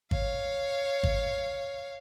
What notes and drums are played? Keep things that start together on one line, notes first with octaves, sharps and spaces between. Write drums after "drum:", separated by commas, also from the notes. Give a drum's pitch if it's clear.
C#5 F5, drum: kick
drum: kick